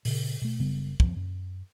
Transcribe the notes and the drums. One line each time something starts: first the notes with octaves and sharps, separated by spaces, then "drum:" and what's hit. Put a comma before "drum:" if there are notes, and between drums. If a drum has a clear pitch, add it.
A#2 C#3, drum: open hi-hat
B2 A3
F#1 C#3 G3 B3
F2 F3, drum: kick
F#2